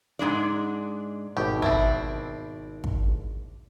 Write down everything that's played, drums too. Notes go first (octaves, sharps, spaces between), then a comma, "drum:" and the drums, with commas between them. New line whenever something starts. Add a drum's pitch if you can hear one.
G#2 G#3 D4 D5
G#1 B2 G4
C4 D4 E4, drum: kick
drum: kick